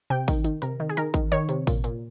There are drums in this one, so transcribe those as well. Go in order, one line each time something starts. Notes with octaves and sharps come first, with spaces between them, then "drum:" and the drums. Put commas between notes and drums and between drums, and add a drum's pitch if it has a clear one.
C3 G5
D#3, drum: kick G#1, open hi-hat
D#3, drum: hi-hat
C3 A#4, drum: hi-hat
D#3
G#4
D#3 A#4, drum: hi-hat
D#3, drum: kick G#1, hi-hat
D#3 C#5, drum: hi-hat
C3, drum: hi-hat
A#2, drum: kick G#1, open hi-hat
A#2, drum: hi-hat